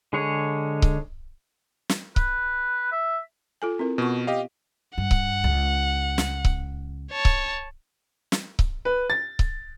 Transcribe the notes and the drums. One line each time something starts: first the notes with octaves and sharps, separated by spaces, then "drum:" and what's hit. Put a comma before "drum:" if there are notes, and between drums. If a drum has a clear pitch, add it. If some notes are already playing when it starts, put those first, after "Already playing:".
D3 G#3 G#4 C#5
drum: kick C#1
drum: snare
B4, drum: kick C#1
E5
F4 A4 G#5
C4 E4 A#4
B2 B3 F4 C#6
G4 D#5 F5
G2 F#5
drum: kick C#1
C#2
drum: snare
drum: kick C#1
C#5 A5
drum: kick C#1
drum: snare
drum: kick C#1
B4
A6
drum: kick C#1